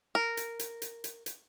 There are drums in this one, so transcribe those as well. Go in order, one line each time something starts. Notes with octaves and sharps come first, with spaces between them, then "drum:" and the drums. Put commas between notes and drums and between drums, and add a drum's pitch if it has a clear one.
A#4
drum: hi-hat
drum: hi-hat
drum: hi-hat
drum: hi-hat
drum: hi-hat